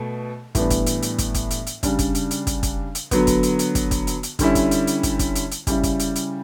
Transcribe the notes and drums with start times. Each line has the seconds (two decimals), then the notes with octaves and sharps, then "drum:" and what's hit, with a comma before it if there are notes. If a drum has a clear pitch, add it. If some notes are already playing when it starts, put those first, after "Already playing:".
Already playing: B2 A3
0.55 A2 E3 G3 B3 D4, drum: kick, hi-hat
0.70 drum: kick, hi-hat
0.86 drum: hi-hat
1.02 drum: hi-hat
1.18 drum: kick, hi-hat
1.34 drum: kick, hi-hat
1.50 drum: hi-hat
1.67 drum: hi-hat
1.83 C#3 G3 D4, drum: kick, hi-hat
1.99 drum: kick, hi-hat
2.15 drum: hi-hat
2.31 drum: hi-hat
2.47 drum: kick, hi-hat
2.63 drum: kick, hi-hat
2.95 drum: hi-hat
3.11 D3 F#3 B3, drum: kick, hi-hat
3.27 drum: kick, hi-hat
3.43 drum: hi-hat
3.59 drum: hi-hat
3.75 drum: kick, hi-hat
3.91 drum: kick, hi-hat
4.07 drum: hi-hat
4.23 drum: hi-hat
4.39 D3 G3 C#4 E4, drum: kick, hi-hat
4.55 drum: kick, hi-hat
4.71 drum: hi-hat
4.87 drum: hi-hat
5.03 drum: kick, hi-hat
5.19 drum: kick, hi-hat
5.35 drum: hi-hat
5.51 drum: hi-hat
5.67 C#3 G3 C#4 E4, drum: kick, hi-hat
5.83 drum: kick, hi-hat
5.99 drum: hi-hat
6.15 drum: hi-hat